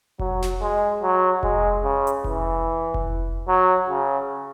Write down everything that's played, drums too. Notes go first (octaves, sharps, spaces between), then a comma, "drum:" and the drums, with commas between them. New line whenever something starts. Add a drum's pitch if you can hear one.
F#3, drum: kick F1
drum: snare
G#3
F#3
G#3, drum: kick F1
C#3
drum: hi-hat
E3, drum: kick F1
drum: kick F1
F#3
C#3